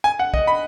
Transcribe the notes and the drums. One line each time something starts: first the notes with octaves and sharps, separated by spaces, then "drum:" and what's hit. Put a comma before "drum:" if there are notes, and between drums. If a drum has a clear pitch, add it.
G#5
F#5
D#5, drum: kick
B5